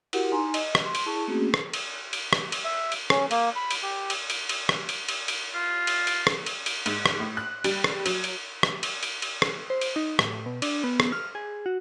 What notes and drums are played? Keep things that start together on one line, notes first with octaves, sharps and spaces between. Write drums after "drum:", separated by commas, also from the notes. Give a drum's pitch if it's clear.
E4 F#4 G4 A#4 F#5, drum: cymbal
D#4 G#5 A#5 C6
D#5, drum: cymbal
drum: rim click
C6
drum: cymbal
E4 G#4 A5 C#6
A3 A#3 C4 C#4 F#4 G#4
drum: rim click
drum: cymbal
drum: cymbal
drum: rim click
drum: cymbal
E5
drum: cymbal
C#4, drum: rim click
A#3, drum: cymbal
B5
drum: cymbal
G4
drum: cymbal
drum: cymbal
drum: cymbal
drum: rim click
drum: cymbal
drum: cymbal
drum: cymbal
F4
drum: cymbal
drum: cymbal
drum: rim click
drum: cymbal
drum: cymbal
G#2, drum: cymbal
drum: rim click
A2
F#6
G3, drum: cymbal
drum: rim click
F#3, drum: cymbal
drum: cymbal
drum: rim click
drum: cymbal
drum: cymbal
drum: cymbal
drum: rim click
C5
drum: cymbal
D#4
A2, drum: rim click
A2
B2
D4, drum: cymbal
B3
drum: rim click
F6
G#4
F#4